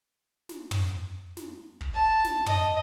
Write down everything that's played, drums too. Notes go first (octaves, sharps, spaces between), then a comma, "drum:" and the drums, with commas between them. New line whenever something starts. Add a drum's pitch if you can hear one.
drum: snare
drum: tom
drum: snare
drum: kick
A5
drum: snare
D#5, drum: tom